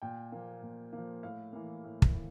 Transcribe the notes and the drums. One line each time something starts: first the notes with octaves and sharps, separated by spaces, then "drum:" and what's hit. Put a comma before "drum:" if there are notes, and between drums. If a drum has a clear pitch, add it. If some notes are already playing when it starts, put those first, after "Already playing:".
A#2 G5
F3 A#3
A#2
F3 A#3
A2 F5
E3 A#3
A2
drum: kick
E3